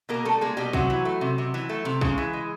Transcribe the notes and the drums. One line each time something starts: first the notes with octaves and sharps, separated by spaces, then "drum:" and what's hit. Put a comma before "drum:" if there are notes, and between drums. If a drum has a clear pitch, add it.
B2 A#3 A#4
G3 A3 A4
G#3 A#3 G#4
B2 G3 G4
C3 F#3 F#4, drum: kick B1
E3
A3
C3
C3
E3
A3
C3
C#3 G#3 G#4, drum: kick B1
E3
G#3